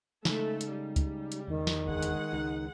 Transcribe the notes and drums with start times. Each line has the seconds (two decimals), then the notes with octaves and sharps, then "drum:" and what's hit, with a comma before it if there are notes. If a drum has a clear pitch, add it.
0.25 C#3 G#3 A3 D#4 A4, drum: snare
0.61 drum: hi-hat
0.72 G3
0.96 drum: kick C#2, hi-hat
1.32 drum: hi-hat
1.48 E2 D#3
1.67 drum: snare
1.87 F#1 D2 G#3 F#5
2.03 drum: hi-hat
2.33 C#2 D#4